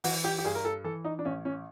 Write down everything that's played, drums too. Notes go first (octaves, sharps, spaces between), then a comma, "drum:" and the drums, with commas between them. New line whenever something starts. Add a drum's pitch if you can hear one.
E3 F#4, drum: open hi-hat
G4
G4
G2 G#4
A#4
A4
E3 A4
D#4
D4
A1 C#4
C#4